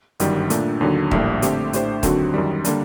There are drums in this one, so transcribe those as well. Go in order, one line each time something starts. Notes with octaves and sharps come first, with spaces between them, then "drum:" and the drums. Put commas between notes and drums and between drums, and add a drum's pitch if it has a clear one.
G1 F#2 D#3 G3, drum: hi-hat
A#2 A3 D4, drum: hi-hat
D#2 D3 F#3
A#1 A2 G3 A#3, drum: kick D#1
D3 A3 C4 G4 C5, drum: hi-hat
A2 A3 D4 G4 C5, drum: hi-hat
D#2 D3 F#3 C4 F#4, drum: kick D#1, hi-hat
F#2 D#3 G3
D3 G3 A#3 D4, drum: hi-hat